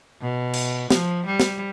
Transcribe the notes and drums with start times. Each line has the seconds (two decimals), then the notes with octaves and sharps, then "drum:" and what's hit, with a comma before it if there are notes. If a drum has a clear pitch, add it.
0.22 B2
0.53 drum: cymbal
0.91 F3, drum: snare
1.26 G3
1.40 drum: snare